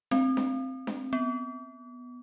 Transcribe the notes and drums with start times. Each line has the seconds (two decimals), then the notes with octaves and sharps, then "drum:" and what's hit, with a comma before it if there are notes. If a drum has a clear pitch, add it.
0.11 C4, drum: snare D4
0.37 drum: snare D4
0.87 drum: snare D4
1.13 B3